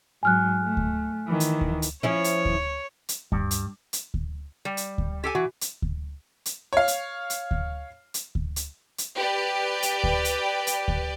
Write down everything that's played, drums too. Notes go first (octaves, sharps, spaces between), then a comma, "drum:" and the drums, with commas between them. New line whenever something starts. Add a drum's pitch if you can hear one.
G#2 F#3 G#5 F6 F#6
A3
drum: kick D2
D#3 E3
drum: hi-hat
drum: kick D2
drum: hi-hat
F3 C#4 E4 C#5
drum: hi-hat
drum: kick D2
drum: hi-hat
G2, drum: kick D2
drum: hi-hat
drum: hi-hat
drum: kick D2
G3
drum: hi-hat
drum: kick D2
G4 A4 G#5
E3 F#4
drum: hi-hat
drum: kick D2
drum: hi-hat
C#5 F5
drum: hi-hat
drum: hi-hat
drum: kick D2
drum: hi-hat
drum: kick D2
drum: hi-hat
drum: hi-hat
G4 B4 D5
drum: hi-hat
drum: kick D2
drum: hi-hat
drum: hi-hat
drum: kick D2